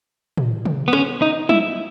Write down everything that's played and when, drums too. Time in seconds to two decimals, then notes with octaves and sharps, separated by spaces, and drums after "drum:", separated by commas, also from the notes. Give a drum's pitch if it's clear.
0.38 drum: tom
0.65 drum: tom
0.88 B3
0.93 C#4, drum: rim click
1.22 D#4
1.49 E4, drum: tom